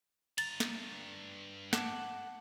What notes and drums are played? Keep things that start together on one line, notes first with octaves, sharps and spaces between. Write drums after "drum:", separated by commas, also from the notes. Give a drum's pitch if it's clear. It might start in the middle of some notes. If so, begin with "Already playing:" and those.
G2 A#5 A6, drum: cymbal
drum: snare
F#5 A5 D6, drum: snare